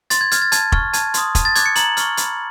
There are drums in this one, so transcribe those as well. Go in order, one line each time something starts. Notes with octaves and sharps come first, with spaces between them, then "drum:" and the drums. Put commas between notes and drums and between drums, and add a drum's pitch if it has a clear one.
C6 A6, drum: hi-hat
G#6
F6 G#6, drum: hi-hat
A6
A5 G#6, drum: hi-hat
C#6 F6, drum: kick
A5 G#6, drum: hi-hat
C6 D#6, drum: hi-hat
A5, drum: kick, hi-hat
A6
D6 F#6 G#6, drum: hi-hat
C#7
A#5 F#7, drum: hi-hat
C#6 F6, drum: hi-hat
B5, drum: hi-hat